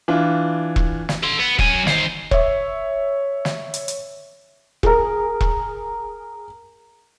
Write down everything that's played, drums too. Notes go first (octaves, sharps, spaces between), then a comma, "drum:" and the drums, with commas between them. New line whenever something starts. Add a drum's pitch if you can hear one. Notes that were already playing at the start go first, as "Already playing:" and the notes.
E3 D4 F4
drum: kick E1
drum: snare
A4 C6
B3
F#3 G#5, drum: kick E1
D#3 C5, drum: snare
C#5 E5, drum: kick E1
drum: snare
drum: hi-hat
drum: hi-hat
G#4 A#4, drum: kick E1
drum: kick E1